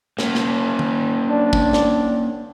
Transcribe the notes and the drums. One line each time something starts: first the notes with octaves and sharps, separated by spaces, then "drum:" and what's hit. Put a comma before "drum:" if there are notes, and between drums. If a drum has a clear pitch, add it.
A#3 C#4, drum: snare
drum: snare
drum: tom
D4
drum: kick
drum: snare